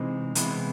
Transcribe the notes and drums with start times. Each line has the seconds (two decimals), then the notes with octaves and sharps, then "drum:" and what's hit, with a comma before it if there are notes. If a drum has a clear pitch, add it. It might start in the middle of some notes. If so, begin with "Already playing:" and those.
Already playing: C3 E3 G#3 C4 D#4
0.35 C3 E3 G#3 B3 E4, drum: hi-hat